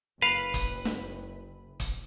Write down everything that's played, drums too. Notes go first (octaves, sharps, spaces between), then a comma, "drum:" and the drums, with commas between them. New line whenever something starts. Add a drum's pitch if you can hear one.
F#1 B4 F5
drum: kick, hi-hat
drum: snare
drum: kick, hi-hat